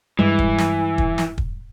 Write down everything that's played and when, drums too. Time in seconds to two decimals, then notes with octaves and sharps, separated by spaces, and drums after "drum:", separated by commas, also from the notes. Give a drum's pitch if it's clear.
0.19 G2 E3 G3 G#3
0.39 drum: kick
0.58 drum: snare
0.98 drum: kick
1.18 drum: snare
1.38 drum: kick